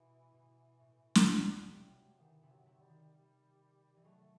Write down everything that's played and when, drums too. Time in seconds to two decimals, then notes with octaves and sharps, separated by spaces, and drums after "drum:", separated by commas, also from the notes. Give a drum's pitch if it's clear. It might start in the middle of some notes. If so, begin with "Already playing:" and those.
Already playing: B2 E3
0.34 B2
0.80 A2
1.15 A2, drum: snare
1.26 B2 F#3
1.58 G3
1.73 C3
1.89 F#3
2.19 D#3 E3
2.43 C3
2.50 F#3
2.66 C3
2.81 G3
2.89 D#3
3.12 G3
3.96 E3
4.05 F#3 A3